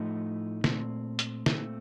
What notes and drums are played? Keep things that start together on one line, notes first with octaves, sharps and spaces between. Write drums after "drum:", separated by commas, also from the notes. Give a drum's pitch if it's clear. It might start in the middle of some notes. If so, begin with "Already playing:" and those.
Already playing: A2 F3 A3 D#4
A#2 A3 C4, drum: snare
drum: hi-hat
A#2 A3 C4, drum: snare